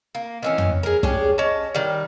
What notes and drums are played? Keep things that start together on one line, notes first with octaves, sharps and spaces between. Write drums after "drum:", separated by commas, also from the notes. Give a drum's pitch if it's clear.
A#3
D#3 E3 C#4
drum: tom
G#4 A#4
C#4 D4 G4 G#4, drum: kick
C#4 D#5 A5
D#3 G3